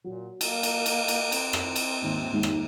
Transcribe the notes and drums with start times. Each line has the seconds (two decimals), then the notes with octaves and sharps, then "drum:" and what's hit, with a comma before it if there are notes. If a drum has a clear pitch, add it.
0.04 A#2 F#3
0.41 A#3, drum: cymbal
0.63 drum: cymbal
0.86 drum: cymbal
1.08 drum: cymbal
1.32 C4, drum: cymbal
1.53 drum: rim click
1.76 drum: cymbal
2.02 G#1 D#2
2.32 D#2 G#2 G#3
2.43 drum: rim click